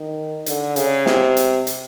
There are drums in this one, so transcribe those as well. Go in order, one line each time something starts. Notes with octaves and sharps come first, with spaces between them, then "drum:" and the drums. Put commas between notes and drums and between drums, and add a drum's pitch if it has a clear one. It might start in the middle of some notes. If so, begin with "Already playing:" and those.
Already playing: D#3
D3, drum: hi-hat
C#3, drum: hi-hat
C3, drum: snare
drum: hi-hat
drum: hi-hat